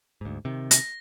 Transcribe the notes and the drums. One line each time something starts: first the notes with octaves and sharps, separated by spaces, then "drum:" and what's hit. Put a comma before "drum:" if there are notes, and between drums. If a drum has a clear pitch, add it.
D2 G#2
C3 D#3
A#6, drum: hi-hat